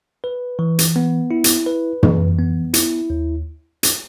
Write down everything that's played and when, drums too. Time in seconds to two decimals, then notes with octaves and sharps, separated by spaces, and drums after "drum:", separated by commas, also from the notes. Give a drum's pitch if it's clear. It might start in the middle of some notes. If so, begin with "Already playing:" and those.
0.24 B4
0.59 E3
0.79 drum: hi-hat
0.96 B3
1.31 E4
1.44 drum: hi-hat
1.66 B4
2.03 E3, drum: tom
2.39 B3
2.74 E4, drum: hi-hat
3.10 D#2
3.83 drum: hi-hat